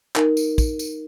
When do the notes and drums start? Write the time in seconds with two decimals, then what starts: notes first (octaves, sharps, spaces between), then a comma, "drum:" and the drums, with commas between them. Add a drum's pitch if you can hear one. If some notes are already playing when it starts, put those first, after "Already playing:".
0.16 D#4 A#4, drum: clap
0.37 drum: tambourine
0.58 drum: kick, tambourine
0.79 drum: tambourine